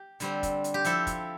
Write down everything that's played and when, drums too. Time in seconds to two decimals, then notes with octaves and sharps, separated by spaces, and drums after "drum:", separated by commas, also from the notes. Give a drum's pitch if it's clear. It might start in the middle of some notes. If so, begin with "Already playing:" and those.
Already playing: G4
0.20 D3 G3 C4, drum: hi-hat
0.43 drum: kick, hi-hat
0.64 drum: hi-hat
0.74 G4
0.85 F3 C4 E4 A4, drum: hi-hat
1.07 drum: kick, hi-hat